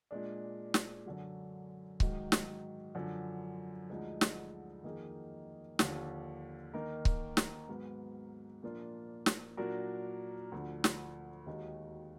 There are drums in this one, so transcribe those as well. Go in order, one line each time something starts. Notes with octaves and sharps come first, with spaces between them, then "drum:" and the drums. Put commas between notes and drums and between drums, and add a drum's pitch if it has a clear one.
A#2 G#3 D4
drum: snare
F#2 D3 F#3
G#2 D#3 F#3, drum: kick C#1
drum: snare
F#2 D3 F3
D2 D3 F3 G#3 D#4
drum: snare
F2 D#3 A#3 D#4 G#4
D#2 D3 F3, drum: snare
D#3 A#3 D#4 A#4
drum: kick C#1
drum: snare
G#2 F#3 B3
A#2 F3 A#3 D4 F4
drum: snare
A#2 F#3 D4 F#4 A#4
D2 D3 F3
drum: snare
D#2 D#3 G#3 D#4 F#4